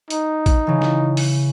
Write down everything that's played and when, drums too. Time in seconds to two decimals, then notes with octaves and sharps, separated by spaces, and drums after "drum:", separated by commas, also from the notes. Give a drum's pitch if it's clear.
0.10 D#4, drum: hi-hat
0.46 drum: kick A#1, hi-hat
0.67 C#3 E3
0.82 drum: snare
1.17 drum: open hi-hat